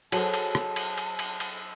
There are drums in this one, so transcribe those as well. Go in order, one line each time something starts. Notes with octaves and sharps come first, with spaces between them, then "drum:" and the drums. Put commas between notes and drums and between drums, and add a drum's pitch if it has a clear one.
F#3 G#4 A4 C5 A5, drum: cymbal
drum: cymbal
drum: rim click
drum: cymbal
drum: cymbal
drum: cymbal
drum: cymbal